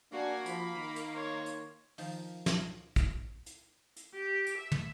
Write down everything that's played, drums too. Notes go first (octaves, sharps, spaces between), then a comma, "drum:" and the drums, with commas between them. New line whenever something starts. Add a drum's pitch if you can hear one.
A#3 D4 F#4 G#5
F3 B5, drum: hi-hat
D#3
drum: hi-hat
C5 C#5
drum: hi-hat
D#3 F3, drum: open hi-hat
drum: snare
drum: kick, hi-hat
drum: hi-hat
drum: hi-hat
G4
drum: hi-hat
E5
drum: tom